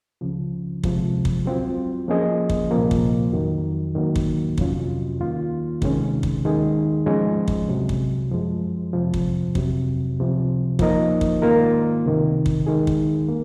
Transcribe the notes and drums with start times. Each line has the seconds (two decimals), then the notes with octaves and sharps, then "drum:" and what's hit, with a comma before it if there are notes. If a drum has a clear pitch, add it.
0.21 C#2 C#3 F3
0.84 C2 C3 F3 G#3, drum: kick
1.25 drum: kick
1.46 F#3 C4 F4
2.08 F3 A#3 C#4 G#4 D#5
2.50 drum: kick
2.71 C2 A#2 F3 A#3
2.91 drum: kick
3.32 F2 D#3 F#3
3.95 G#2 D#3 F#3 A#3
4.16 drum: kick
4.58 F2 C3 F#3 C#4 F4, drum: kick
5.19 D#2 D#3 A#3 F4
5.82 C3 D#3 G#3 C#4, drum: kick
6.23 drum: kick
6.44 D#2 D#3 G#3 D#4 G#4
7.06 G#2 F3 G#3 C#4
7.48 drum: kick
7.68 C2 C3 F#3
7.89 drum: kick
8.31 F#2 F3 G#3
8.93 F2 C3 F3
9.14 drum: kick
9.55 F2 C3 F#3 C4, drum: kick
10.17 C#2 C3 F3
10.79 F3 A#3 D#4 A#4 D#5, drum: kick
11.21 drum: kick
11.42 G#2 D#3 A#3 F4 A#4
12.04 C#2 C3 D#3
12.46 drum: kick
12.67 D#3 G#3 D#4 G#4
12.87 drum: kick
13.29 A#3